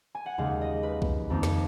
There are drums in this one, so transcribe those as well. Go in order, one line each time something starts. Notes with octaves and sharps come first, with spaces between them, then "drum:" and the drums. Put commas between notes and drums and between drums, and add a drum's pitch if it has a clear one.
G#5
F#5
D#2 C#3 G#3 F5
D#5
B4
drum: kick B1
F2 D#3 A#3 D#4
drum: snare